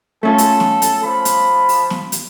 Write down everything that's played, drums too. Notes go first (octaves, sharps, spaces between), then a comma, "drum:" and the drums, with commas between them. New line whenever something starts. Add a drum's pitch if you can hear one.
A3 C#4 F4 A4
drum: hi-hat
drum: snare
drum: hi-hat
F3 B5
drum: hi-hat
drum: open hi-hat
drum: snare
drum: hi-hat